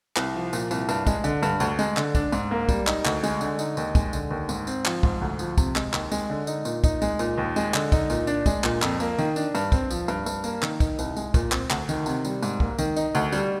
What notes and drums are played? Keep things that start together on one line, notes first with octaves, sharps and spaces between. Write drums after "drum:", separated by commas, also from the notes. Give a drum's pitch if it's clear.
C2, drum: clap
F3
A#2, drum: tambourine
C2, drum: tambourine
G2, drum: tambourine
G#3, drum: kick, tambourine
D3, drum: tambourine
G2, drum: tambourine
D2, drum: tambourine
G#3, drum: tambourine
D3, drum: clap
D4, drum: kick, tambourine
G#2, drum: tambourine
A#3
G3, drum: kick, tambourine
D#4, drum: clap
D2, drum: clap
G#3, drum: tambourine
D3, drum: tambourine
D#4, drum: tambourine
D#2, drum: tambourine
G#3, drum: kick, tambourine
D3, drum: tambourine
D#2
G#2, drum: tambourine
C4, drum: tambourine
F3, drum: clap
G#2, drum: kick
D2
F3, drum: tambourine
C3, drum: kick, tambourine
G#3, drum: clap
D#2, drum: clap
G#3, drum: tambourine
D3
D#4, drum: tambourine
A#2, drum: tambourine
D#4, drum: kick, tambourine
G#3, drum: tambourine
A#2, drum: tambourine
D#2
G#3, drum: tambourine
D3, drum: clap
D#4, drum: kick, tambourine
A#2, drum: tambourine
D4, drum: tambourine
G#3, drum: kick, tambourine
A#2, drum: clap
F2, drum: clap
A#3, drum: tambourine
D#3, drum: tambourine
D4, drum: tambourine
G2, drum: tambourine
C4, drum: kick, tambourine
F3, drum: tambourine
G2, drum: tambourine
G2, drum: tambourine
A#3, drum: tambourine
D#3, drum: clap
D#4, drum: kick, tambourine
C2, drum: tambourine
G#3, drum: tambourine
A#2, drum: kick, tambourine
C4, drum: clap
D2, drum: clap
D#3, drum: tambourine
C3, drum: tambourine
G3, drum: tambourine
G#2, drum: tambourine
A#3, drum: kick
D#3, drum: tambourine
D#4, drum: tambourine
D2, drum: tambourine
G3, drum: tambourine